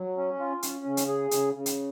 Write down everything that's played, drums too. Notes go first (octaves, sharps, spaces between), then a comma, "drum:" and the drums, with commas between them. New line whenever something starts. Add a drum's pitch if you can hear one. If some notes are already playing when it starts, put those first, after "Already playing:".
Already playing: F#3
C#4
F4
C#4, drum: hi-hat
C#3
drum: hi-hat
G#4
C#3, drum: hi-hat
C#3
drum: hi-hat